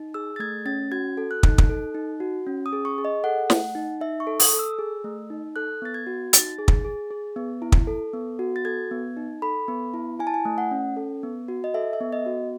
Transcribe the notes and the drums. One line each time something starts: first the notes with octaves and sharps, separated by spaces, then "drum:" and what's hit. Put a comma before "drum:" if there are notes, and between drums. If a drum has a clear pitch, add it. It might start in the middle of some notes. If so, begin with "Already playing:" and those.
Already playing: D#4
G#4 E6
A6
A3 G#6
C#4 A6
F#4 G#6
A4
F#6
D#4, drum: kick
drum: kick
A4
D#4
F#4
C#4
D#6
G#4
C#6
G#4
D#5
A4 F#5
A3, drum: snare
D#4
D#4 E5
C#6
A4
D#6, drum: open hi-hat
A4
E6
G#4
A3
D#4
A4 F#6
B3 A6
G#6
F#4
D#4 A6, drum: hi-hat
G#4
drum: kick
G#4
G#4
B3
E4
drum: kick
A4
B3
F#4
A6
A4 G#6
B3
D#4
A4 B5
B3
E4
E4 G#5
A5
G#5
A3
F#5
C#4
A4
B3
F#4
D#5
A4 E5
E5
B3
D#5
F#4